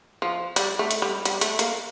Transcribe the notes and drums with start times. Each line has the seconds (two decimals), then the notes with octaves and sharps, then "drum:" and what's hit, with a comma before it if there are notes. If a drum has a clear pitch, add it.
0.22 F3
0.56 G3, drum: hi-hat
0.79 A3
0.91 drum: hi-hat
1.02 G3
1.25 G3, drum: hi-hat
1.41 A3, drum: hi-hat
1.59 A#3, drum: hi-hat